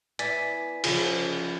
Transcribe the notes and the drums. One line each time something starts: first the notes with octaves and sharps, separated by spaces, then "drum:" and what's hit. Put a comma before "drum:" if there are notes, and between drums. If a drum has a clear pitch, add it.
B3 E4 D5 G#5 A6 B6, drum: hi-hat
C#3 F3 F4 G#4 C5, drum: cymbal